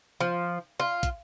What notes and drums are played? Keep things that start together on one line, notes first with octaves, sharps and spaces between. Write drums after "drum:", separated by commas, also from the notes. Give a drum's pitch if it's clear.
F3
F4
drum: kick, hi-hat